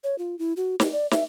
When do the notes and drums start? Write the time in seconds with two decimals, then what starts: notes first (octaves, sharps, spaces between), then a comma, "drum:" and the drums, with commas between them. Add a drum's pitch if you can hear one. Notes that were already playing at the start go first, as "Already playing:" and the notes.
0.04 C#5
0.18 F4
0.39 E4
0.57 F#4
0.80 G4, drum: snare
0.92 D5
1.11 E5, drum: snare